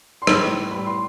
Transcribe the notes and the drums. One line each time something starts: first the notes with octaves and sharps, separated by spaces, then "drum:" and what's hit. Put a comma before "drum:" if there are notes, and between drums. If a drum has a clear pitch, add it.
C6
A2 G3 B3 B5, drum: rim click
A2 G3 B3 B5
C6